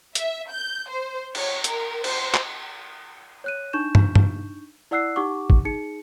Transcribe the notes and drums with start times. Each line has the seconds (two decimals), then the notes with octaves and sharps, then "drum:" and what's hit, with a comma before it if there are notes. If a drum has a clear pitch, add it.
0.15 E5, drum: hi-hat
0.51 G6
0.89 C5
1.35 C#5, drum: cymbal
1.64 A#4, drum: hi-hat
2.04 C5, drum: cymbal
2.34 drum: clap
3.44 C#5 F#6 D#7
3.73 D4 D#4 C#6 G6 E7
3.95 drum: tom
4.15 drum: tom
4.91 E4 D5 F#5 E6 F#6 C7
5.16 D#4 G4 F#5 C#6 D6
5.50 drum: kick A1
5.65 D#4 G#4 C#7